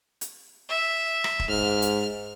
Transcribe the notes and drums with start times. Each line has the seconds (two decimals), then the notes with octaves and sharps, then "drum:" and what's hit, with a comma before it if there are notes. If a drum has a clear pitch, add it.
0.21 drum: hi-hat
0.69 E5
1.24 drum: rim click
1.39 drum: kick
1.49 G#2 F6
1.82 drum: hi-hat